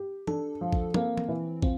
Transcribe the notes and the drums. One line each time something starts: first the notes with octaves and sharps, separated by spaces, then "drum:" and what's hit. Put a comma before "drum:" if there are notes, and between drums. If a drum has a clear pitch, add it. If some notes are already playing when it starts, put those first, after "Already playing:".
Already playing: G4
D4 A4, drum: tom E3
F3
drum: kick
A#3 C4, drum: tom F3
drum: tom E3
E3
C4 F4, drum: kick